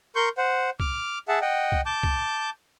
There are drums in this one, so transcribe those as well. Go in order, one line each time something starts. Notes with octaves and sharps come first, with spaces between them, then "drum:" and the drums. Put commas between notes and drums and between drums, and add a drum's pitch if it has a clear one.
A#4 C6 C#6 G6
C5 F#5
D6 F6, drum: kick C2
G#4 E5 F#5 A5
D#5 F#5 G5
drum: kick C2
A5 D6 G6
drum: kick C2